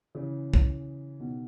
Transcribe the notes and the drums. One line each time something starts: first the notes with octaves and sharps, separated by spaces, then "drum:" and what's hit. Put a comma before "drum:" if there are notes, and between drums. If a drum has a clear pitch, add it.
C#3 E3
drum: kick
B2 D#3